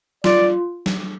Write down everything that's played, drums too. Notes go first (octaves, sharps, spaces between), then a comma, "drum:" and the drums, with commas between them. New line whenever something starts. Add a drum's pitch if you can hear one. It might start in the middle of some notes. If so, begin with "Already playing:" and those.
F4 D5, drum: snare
drum: snare